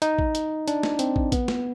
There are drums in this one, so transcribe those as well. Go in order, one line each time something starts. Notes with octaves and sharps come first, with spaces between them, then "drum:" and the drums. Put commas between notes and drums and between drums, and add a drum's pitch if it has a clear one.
D#4, drum: hi-hat
drum: kick
drum: hi-hat
D4, drum: hi-hat
drum: snare
C4, drum: hi-hat
drum: kick
B3, drum: kick, hi-hat
drum: snare